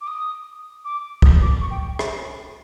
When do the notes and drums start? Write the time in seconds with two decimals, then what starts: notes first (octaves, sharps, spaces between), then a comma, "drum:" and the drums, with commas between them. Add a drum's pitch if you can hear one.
0.01 D6
0.07 D#6
0.85 D6
1.22 D#6, drum: kick
1.42 D6
1.61 C#6
1.71 G5
1.99 drum: rim click